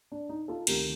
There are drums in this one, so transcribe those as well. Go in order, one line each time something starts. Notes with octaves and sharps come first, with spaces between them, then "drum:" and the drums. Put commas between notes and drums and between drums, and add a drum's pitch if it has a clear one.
D4
D#4
F4 A4
D2 C3 D#3 G4 A#4, drum: cymbal